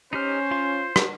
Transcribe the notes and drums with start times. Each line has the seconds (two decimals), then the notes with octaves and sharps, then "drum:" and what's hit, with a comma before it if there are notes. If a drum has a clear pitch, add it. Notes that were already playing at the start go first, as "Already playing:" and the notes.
0.13 C#4 D#4 G4 C5 F6
0.51 F4 F5 C6
0.96 drum: rim click